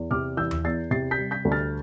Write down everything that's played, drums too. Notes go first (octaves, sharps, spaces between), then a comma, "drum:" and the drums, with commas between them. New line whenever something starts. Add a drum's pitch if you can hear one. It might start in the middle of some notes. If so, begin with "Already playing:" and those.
Already playing: E2
C3 D6 F6
E3 E6 G6
drum: tom D#2
E2 A6 C7
C3 A6 C7
G6 B6
G3
G6 B6
D2
F6 A6